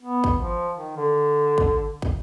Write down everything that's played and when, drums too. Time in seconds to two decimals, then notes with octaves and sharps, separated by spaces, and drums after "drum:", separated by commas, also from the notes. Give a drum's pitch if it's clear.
0.01 B3
0.24 drum: kick
0.37 F3
0.77 D#3
0.97 D3
1.58 drum: kick
2.02 drum: kick